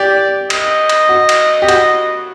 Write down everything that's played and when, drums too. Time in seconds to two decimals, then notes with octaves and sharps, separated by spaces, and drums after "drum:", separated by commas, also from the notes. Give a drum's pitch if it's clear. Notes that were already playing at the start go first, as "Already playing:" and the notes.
Already playing: G4 D5
0.50 D#5, drum: cymbal
0.89 drum: cymbal
1.09 F#4
1.29 drum: cymbal
1.62 G4
1.69 F#4, drum: cymbal